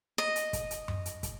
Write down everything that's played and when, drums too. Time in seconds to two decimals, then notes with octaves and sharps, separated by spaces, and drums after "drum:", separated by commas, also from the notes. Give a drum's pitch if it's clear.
0.18 D#5
0.36 drum: hi-hat
0.53 drum: kick, hi-hat
0.71 drum: hi-hat
0.88 drum: tom F#2
1.06 drum: hi-hat
1.23 drum: kick, hi-hat